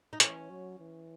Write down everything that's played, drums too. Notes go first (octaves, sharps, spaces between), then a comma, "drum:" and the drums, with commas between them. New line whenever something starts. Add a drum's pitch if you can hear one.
D#4
E3 C#4, drum: hi-hat
F#3
E3